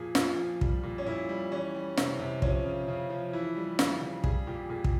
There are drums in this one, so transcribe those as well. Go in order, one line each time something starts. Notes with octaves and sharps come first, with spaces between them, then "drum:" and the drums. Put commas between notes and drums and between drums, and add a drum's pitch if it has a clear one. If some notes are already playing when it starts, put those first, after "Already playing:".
Already playing: A#2 F3 G#4
A#2 F4, drum: snare
F3
G3, drum: kick
A#2
C#4
A#2 E4
G3
E3 C#4
G3
C3, drum: snare
C3
F3 C#4, drum: kick
C#3
C#3
F3
E3 E4
G3
C#3, drum: snare
C#3
G3 G#4, drum: kick
A#2 G4
A#2 G#4
drum: kick